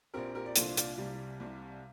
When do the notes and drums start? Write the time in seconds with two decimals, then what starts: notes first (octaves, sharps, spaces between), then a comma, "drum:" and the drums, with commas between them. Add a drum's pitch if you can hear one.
0.14 A#1 A#2 F3 C4 G4 A#4
0.35 G4 A#4
0.46 D5
0.56 C2 A#2 F3 A#3 D4 A4 C5, drum: hi-hat
0.77 D5 F5, drum: hi-hat
0.98 C2 C3 G3
1.40 C2 C3 G3